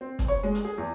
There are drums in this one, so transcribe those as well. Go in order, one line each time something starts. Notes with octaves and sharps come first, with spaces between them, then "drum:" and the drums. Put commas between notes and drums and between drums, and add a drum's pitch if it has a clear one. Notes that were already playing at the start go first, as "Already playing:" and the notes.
C4
drum: kick, hi-hat
C#5
G#3
drum: hi-hat
G#4
E2